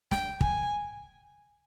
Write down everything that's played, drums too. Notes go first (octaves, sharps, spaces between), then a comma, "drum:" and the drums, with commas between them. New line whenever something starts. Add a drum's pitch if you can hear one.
G5, drum: snare
G#5, drum: kick